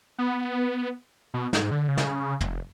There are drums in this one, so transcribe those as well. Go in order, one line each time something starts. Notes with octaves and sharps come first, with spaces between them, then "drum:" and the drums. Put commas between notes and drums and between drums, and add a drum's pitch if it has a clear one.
B3
B2
G#2, drum: snare
D3
C#3
drum: snare
F1, drum: tom